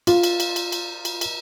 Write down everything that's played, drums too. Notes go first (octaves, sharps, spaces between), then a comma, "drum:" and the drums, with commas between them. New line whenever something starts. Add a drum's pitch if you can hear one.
F4, drum: cymbal
drum: cymbal
drum: cymbal
drum: cymbal
drum: cymbal
drum: cymbal
drum: cymbal